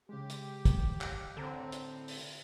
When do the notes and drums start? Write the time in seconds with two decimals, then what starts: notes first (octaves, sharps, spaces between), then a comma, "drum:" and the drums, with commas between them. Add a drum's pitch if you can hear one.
0.09 C#3 G#3 G4
0.30 drum: hi-hat
0.65 drum: kick, hi-hat
1.01 drum: clap
1.37 A2 D3 C4 A4 A5 A#5
1.72 drum: hi-hat
2.08 drum: open hi-hat